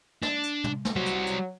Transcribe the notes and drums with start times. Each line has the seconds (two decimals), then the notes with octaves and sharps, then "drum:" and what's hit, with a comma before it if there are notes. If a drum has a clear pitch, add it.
0.22 D4, drum: snare
0.43 drum: hi-hat
0.64 drum: tom
0.85 drum: snare
0.96 F#3 G3 C5
1.06 drum: hi-hat
1.27 drum: hi-hat